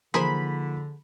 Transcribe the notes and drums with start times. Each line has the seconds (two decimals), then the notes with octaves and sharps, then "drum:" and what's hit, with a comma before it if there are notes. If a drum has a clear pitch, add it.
0.14 D3 F3 A#3 D#4 G#4 A#4 C5 B5, drum: tom E3